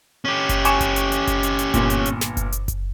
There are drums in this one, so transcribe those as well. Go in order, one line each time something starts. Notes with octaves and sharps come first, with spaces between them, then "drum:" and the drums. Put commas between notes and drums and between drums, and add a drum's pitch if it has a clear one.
C#4 G4
drum: kick F#1, hi-hat
G#5 C#6 E7, drum: hi-hat
drum: kick F#1, hi-hat
drum: hi-hat
drum: hi-hat
drum: kick F#1, hi-hat
drum: hi-hat
drum: hi-hat
G1 A#2, drum: kick F#1, hi-hat
drum: hi-hat
drum: hi-hat
drum: snare
drum: kick F#1, hi-hat
drum: hi-hat
drum: kick F#1, hi-hat